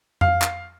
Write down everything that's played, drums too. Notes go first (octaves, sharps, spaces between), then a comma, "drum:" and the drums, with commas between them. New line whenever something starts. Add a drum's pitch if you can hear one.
F5, drum: tom F2
drum: clap